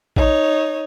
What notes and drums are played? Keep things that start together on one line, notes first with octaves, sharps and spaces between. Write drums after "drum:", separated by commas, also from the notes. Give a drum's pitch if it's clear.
D#4 C#5, drum: kick A#1